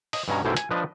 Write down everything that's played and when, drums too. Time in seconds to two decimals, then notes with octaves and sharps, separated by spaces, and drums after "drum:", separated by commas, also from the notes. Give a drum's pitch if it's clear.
0.13 D#5, drum: open hi-hat
0.28 G2 B2 C#4 A#5
0.45 B1 F#2 A3 E4 G4 C5
0.57 G#5, drum: hi-hat
0.71 F3 D4 B4 D#5